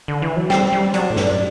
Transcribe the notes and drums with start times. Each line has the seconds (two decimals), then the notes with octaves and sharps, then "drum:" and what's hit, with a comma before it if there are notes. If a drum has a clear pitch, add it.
0.08 D3
0.22 E3
0.36 F#3
0.50 G3 C4, drum: snare
0.73 G3
0.94 F#3 D4, drum: hi-hat
1.10 A2
1.16 G2, drum: snare
1.27 D4